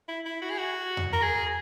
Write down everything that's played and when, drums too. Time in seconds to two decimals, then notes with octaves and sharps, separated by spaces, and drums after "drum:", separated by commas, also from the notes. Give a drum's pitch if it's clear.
0.08 E4
0.26 E4
0.42 F#4
0.50 G#4
0.58 F#4
0.97 drum: tom E2
1.13 A#4
1.22 G#4